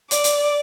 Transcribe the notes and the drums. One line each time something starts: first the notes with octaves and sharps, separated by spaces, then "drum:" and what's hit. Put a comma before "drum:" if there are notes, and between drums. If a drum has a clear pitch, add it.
D5, drum: hi-hat
drum: hi-hat